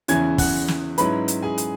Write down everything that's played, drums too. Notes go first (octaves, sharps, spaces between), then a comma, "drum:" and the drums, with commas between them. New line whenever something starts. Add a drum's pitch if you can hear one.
E2 C#3 E3 C#4 E4 G#5 G#6, drum: hi-hat
F#5 F#6, drum: kick, open hi-hat
drum: snare
G#2 F#3 C#4 E4 B4 B5, drum: hi-hat
drum: hi-hat
G#4 G#5
drum: hi-hat